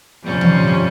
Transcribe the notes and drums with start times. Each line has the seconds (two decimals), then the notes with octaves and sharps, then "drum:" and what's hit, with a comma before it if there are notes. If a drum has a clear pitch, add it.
0.23 F2 C3 G3 C#4
0.41 drum: tom